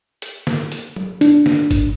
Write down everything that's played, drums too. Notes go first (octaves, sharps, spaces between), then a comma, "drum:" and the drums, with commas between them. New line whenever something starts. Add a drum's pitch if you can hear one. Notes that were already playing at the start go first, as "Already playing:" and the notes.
drum: hi-hat
drum: snare
drum: hi-hat
drum: tom F#3
D4, drum: hi-hat
drum: snare
drum: kick G1, hi-hat